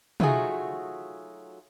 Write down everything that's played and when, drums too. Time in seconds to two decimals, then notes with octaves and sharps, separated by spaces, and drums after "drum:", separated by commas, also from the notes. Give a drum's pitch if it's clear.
0.20 F#3 A3 D#4 F4 F#4 G#4, drum: tom